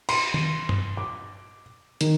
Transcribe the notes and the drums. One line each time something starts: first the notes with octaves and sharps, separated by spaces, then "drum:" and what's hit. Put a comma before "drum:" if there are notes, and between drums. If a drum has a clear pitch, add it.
C6, drum: cymbal
drum: tom
drum: tom G2
D6
D#3, drum: hi-hat